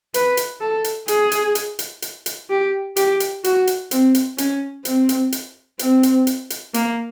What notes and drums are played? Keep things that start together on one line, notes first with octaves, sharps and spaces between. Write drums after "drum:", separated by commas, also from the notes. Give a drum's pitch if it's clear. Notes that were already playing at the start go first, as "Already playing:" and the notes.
B4, drum: hi-hat
drum: hi-hat
A4
drum: hi-hat
G#4, drum: hi-hat
drum: hi-hat
drum: hi-hat
drum: hi-hat
drum: hi-hat
drum: hi-hat
G4
G4, drum: hi-hat
drum: hi-hat
F#4, drum: hi-hat
drum: hi-hat
C4, drum: hi-hat
drum: hi-hat
C#4, drum: hi-hat
C4, drum: hi-hat
drum: hi-hat
drum: hi-hat
C4, drum: hi-hat
drum: hi-hat
drum: hi-hat
drum: hi-hat
A#3, drum: hi-hat